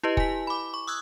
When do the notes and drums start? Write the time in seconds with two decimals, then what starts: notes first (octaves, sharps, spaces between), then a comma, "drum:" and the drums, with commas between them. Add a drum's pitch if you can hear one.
0.03 E4 G4 B4 D#5
0.17 G#5 B6, drum: kick
0.47 B5 D6
0.74 C#6
0.88 D#6 E6 F#6 G#6